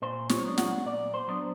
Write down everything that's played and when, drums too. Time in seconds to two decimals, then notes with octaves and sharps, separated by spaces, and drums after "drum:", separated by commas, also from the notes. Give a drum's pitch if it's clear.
0.02 A#2 C5
0.29 C#5, drum: snare
0.43 F#3 B3 D4
0.58 F#5, drum: snare
0.85 A#2 D5
1.14 C5
1.28 F#3 B3 D4